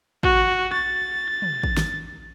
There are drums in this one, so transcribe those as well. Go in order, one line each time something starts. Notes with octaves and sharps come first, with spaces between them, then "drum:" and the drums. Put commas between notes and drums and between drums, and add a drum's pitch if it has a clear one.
F#4, drum: kick
A6
drum: tom
drum: kick
drum: snare